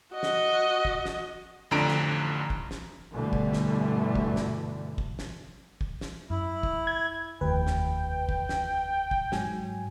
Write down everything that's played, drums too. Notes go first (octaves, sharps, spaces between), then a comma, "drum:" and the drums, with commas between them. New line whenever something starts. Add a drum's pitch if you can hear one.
F#4 D#5
drum: snare
drum: kick
drum: snare
A1 F2 D3 A#5 D7
drum: snare
drum: kick
drum: snare
G2 B2 D3 E3 G3 A3
drum: kick
drum: snare
drum: kick
drum: snare
drum: kick
drum: snare
drum: kick
drum: snare
F#2 E4
drum: kick
G#6
F1 D#2 B4 G5
drum: snare
drum: kick
drum: snare
drum: kick
G#2 F#3 G#5, drum: snare